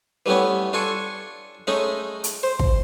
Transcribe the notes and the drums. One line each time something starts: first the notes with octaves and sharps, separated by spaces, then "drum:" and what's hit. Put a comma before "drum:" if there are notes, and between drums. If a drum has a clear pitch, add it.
E3 G3 A3 B3 C#4
D4 F4 A4 G#5 C#6
G#3 A3 C#4 D#4
drum: hi-hat
C5
drum: kick